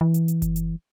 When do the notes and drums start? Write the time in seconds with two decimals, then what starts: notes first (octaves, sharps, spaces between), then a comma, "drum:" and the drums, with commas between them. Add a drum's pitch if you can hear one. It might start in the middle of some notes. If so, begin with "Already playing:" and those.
0.01 E3
0.14 drum: hi-hat
0.28 drum: hi-hat
0.42 drum: kick F#1, hi-hat
0.56 drum: hi-hat